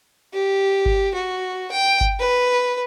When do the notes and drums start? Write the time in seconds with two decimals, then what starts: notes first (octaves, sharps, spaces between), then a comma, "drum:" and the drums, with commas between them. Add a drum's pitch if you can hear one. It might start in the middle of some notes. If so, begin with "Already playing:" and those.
0.33 G4
0.86 drum: kick G1
1.14 F#4
1.72 G5
2.01 drum: kick G1
2.19 B4